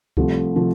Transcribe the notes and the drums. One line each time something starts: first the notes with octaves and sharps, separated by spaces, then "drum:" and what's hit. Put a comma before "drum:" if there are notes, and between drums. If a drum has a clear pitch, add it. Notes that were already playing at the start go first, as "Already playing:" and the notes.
C2 C3 F3 A3, drum: kick C#2
C3 F3 A3